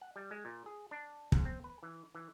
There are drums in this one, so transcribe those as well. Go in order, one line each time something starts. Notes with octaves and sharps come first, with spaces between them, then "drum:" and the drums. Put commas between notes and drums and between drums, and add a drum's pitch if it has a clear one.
F#5
G3
G#3
A#2
G#4
D4
G#2, drum: kick
C4
B4
E3
E3